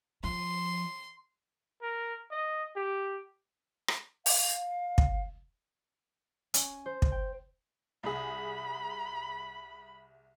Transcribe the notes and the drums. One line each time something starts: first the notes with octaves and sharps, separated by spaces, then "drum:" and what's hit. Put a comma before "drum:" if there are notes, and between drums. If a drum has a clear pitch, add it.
F3 C6
A#4
D#5
G4
drum: rim click
F5, drum: open hi-hat
drum: kick
C#4, drum: hi-hat
C5
drum: kick
G5
C2 G#4 B5